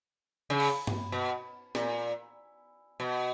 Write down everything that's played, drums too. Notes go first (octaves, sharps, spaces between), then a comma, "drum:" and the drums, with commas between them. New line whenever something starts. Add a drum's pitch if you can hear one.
C#3
drum: cymbal
drum: tom G2
B2
A#2, drum: snare
B2